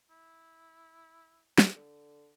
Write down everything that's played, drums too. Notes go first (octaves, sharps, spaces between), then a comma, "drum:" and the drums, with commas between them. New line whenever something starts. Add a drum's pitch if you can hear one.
E4
drum: snare
D3